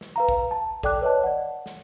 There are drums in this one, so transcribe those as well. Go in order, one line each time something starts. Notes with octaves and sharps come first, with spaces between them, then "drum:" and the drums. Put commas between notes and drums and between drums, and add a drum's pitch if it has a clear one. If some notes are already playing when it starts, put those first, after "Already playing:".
drum: snare
B4 F5 A#5
drum: kick A1
A5
A4 D5 G5 D6 F#6, drum: kick A1
B4 C#5 D#5 A5
D5 F#5
drum: snare